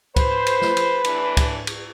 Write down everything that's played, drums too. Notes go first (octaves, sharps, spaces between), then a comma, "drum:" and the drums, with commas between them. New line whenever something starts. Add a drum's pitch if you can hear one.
B4 C5, drum: kick C#2, cymbal
drum: cymbal
drum: snare
drum: cymbal
A2 E3 D4, drum: cymbal
drum: kick C#2, cymbal
drum: cymbal